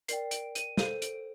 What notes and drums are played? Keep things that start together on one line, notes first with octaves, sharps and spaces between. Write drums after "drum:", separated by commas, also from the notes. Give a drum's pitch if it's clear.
A#4 D5 G5 C7, drum: hi-hat
D7, drum: hi-hat
D#7, drum: hi-hat
A4 C5 F5 D#7, drum: snare
D7, drum: hi-hat